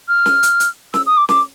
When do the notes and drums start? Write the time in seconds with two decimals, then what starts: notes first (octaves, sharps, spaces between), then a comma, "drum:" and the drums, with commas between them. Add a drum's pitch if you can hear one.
0.08 F6
0.26 drum: snare
0.43 drum: hi-hat
0.60 drum: hi-hat
0.94 E6, drum: snare
1.06 D#6
1.17 D6
1.29 D6, drum: snare